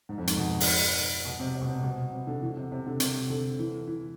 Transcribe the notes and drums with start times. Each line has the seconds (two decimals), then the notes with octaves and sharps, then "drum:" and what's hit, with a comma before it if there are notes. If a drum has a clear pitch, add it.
0.09 G#2
0.18 F2
0.27 G#2, drum: hi-hat
0.37 B2
0.60 drum: open hi-hat
1.25 B2
1.40 C3
1.55 C3
1.62 B2
1.69 C3
1.84 B2
2.13 C3
2.27 D3
2.42 E3
2.57 C3
2.72 C3
2.86 D3
3.00 C3, drum: hi-hat
3.30 D3
3.59 E3
3.87 E3